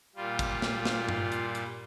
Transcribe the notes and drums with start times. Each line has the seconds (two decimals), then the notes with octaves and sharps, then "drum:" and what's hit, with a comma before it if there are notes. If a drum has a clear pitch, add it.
0.15 A#2 G3 F4
0.39 drum: kick, hi-hat
0.62 drum: snare
0.85 drum: snare
1.09 drum: tom G2
1.32 drum: hi-hat
1.55 drum: hi-hat